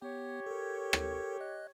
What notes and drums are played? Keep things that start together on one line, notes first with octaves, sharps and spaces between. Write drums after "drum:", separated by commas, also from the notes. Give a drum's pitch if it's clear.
B3 G4 C#5
A4 A#4
drum: rim click
D#5 F#6